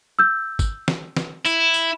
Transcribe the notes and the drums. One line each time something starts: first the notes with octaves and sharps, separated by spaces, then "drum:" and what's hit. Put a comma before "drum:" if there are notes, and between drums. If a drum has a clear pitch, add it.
E6 G6
drum: kick, tambourine
drum: snare
drum: snare
E4, drum: tambourine
drum: tambourine